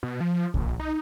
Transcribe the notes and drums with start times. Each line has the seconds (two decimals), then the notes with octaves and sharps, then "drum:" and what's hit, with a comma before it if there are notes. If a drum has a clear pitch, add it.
0.03 B2
0.20 F3
0.54 A#1, drum: kick C2
0.80 D#4